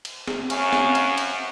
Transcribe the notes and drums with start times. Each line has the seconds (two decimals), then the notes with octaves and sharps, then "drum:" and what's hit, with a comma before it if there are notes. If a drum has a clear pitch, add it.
0.05 drum: cymbal
0.27 drum: snare
0.50 F#2 C#4 F5, drum: cymbal
0.73 drum: snare
0.95 drum: cymbal
1.18 drum: cymbal